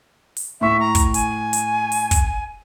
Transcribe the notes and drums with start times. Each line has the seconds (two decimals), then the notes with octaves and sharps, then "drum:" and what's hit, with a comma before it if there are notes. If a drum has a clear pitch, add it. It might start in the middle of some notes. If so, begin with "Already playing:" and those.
0.37 drum: open hi-hat
0.61 A2 E5 C#6
0.80 A#5
0.95 drum: kick, hi-hat
1.14 G#5, drum: hi-hat
1.53 drum: hi-hat
1.92 drum: open hi-hat
2.11 drum: kick, hi-hat